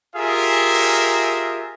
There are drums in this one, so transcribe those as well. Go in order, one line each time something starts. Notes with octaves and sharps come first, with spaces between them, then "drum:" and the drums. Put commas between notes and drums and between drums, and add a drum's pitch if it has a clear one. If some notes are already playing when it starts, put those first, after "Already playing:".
F4 G4 G#4 A#4 E5
drum: open hi-hat